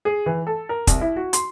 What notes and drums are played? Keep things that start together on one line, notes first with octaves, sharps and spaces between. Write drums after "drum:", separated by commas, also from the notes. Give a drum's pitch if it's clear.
G#4
E3
A4
A#4
C2, drum: kick, hi-hat
E4
F#4
C6, drum: hi-hat